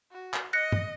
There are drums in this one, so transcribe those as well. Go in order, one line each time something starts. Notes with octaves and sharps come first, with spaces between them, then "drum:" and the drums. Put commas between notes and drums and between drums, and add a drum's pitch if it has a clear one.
F#4
drum: clap
D#5 F#6 A#6 C#7
drum: tom G2